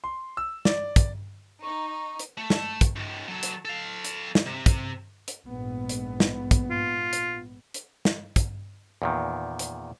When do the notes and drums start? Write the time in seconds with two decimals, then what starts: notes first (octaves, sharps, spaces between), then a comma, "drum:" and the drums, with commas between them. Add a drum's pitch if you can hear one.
0.04 C6
0.37 E6
0.65 D5, drum: snare
0.96 drum: kick, hi-hat
1.63 D#4 C#6
2.19 drum: hi-hat
2.37 A3
2.50 drum: snare
2.81 drum: kick, hi-hat
2.96 C#2 G#2
3.28 F#3 A4
3.43 drum: hi-hat
3.65 A4 F5
4.04 drum: hi-hat
4.35 drum: snare
4.46 C3
4.66 drum: kick, hi-hat
5.28 drum: hi-hat
5.45 A#1 G#2 B3
5.89 drum: hi-hat
6.20 drum: snare
6.51 drum: kick, hi-hat
6.70 F4
7.13 drum: hi-hat
7.74 drum: hi-hat
8.05 drum: snare
8.36 drum: kick, hi-hat
9.02 E2 A#2 D#3
9.59 drum: hi-hat